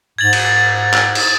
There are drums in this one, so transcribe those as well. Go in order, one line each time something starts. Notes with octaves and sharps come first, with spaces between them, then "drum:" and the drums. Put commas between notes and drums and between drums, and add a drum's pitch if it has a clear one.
G#2 G#6 A6 F#7
drum: cymbal
drum: clap
drum: cymbal